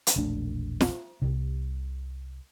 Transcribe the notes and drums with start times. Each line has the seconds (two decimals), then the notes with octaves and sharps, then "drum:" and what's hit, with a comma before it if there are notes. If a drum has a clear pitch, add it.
0.07 drum: hi-hat
0.16 E1 A#1 A3 D4
0.81 drum: snare
1.22 C2 C3